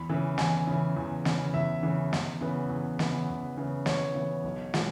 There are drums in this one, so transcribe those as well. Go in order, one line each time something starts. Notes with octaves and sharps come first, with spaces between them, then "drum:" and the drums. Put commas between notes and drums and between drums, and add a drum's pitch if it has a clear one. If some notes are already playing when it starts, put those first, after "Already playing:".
Already playing: E2 B5
C#3 E3
E2 G#5, drum: snare
C#3 E3
E2
C#3 E3, drum: snare
E2 E5
C#3 E3
E2, drum: snare
C#3 E3 B3
E2
C#3 E3 B3, drum: snare
E2
C#3 E3 B3
E2 C#5, drum: snare
C#3 E3 B3
B1
B2 G#3 B3, drum: snare